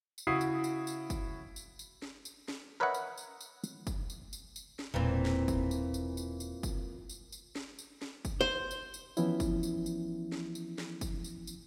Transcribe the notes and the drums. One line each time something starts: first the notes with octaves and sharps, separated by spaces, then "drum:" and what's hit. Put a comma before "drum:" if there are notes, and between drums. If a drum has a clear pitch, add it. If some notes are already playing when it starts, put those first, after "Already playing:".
drum: tambourine
C#3 E4 F#4 D#6 C7
drum: tambourine
drum: tambourine
drum: tambourine
drum: kick, tambourine
drum: tambourine
drum: tambourine
drum: snare
drum: tambourine
drum: snare
A#4 B4 C#5 D#5 E5 F#5
drum: tambourine
drum: tambourine
drum: tambourine
drum: tambourine
drum: kick, tambourine
drum: tambourine
drum: tambourine
drum: tambourine
drum: snare
E1 A#2 E3 C4
drum: snare
drum: kick, tambourine
drum: tambourine
drum: tambourine
drum: tambourine
drum: tambourine
drum: kick, tambourine
drum: tambourine
drum: tambourine
drum: snare
drum: tambourine
drum: snare
drum: kick, tambourine
C5
drum: tambourine
drum: tambourine
E3 F3 B3 C#4 E4, drum: tambourine
drum: kick, tambourine
drum: tambourine
drum: tambourine
drum: snare
drum: tambourine
drum: snare
drum: kick, tambourine
drum: tambourine
drum: tambourine